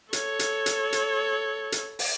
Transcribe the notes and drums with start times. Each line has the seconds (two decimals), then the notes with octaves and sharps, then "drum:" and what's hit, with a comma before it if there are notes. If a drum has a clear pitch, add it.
0.13 A4 C#5, drum: hi-hat
0.39 drum: hi-hat
0.66 drum: hi-hat
0.93 drum: hi-hat
1.72 drum: hi-hat
1.99 drum: open hi-hat